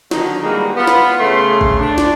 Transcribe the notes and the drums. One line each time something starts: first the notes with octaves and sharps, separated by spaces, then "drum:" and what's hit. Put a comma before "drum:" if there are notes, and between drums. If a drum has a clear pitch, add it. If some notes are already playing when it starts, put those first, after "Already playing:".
D3 D#3 F#3 D#4, drum: snare
E3 G3 G#3 A#3 D#4 F#4
B3 F4
drum: snare
C#3 A3 C6
drum: kick A1
D4
drum: snare